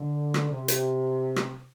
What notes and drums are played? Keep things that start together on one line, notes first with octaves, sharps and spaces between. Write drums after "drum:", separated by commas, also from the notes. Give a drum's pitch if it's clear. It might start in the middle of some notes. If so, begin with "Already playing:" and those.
Already playing: D3
drum: rim click
C3
drum: hi-hat
drum: rim click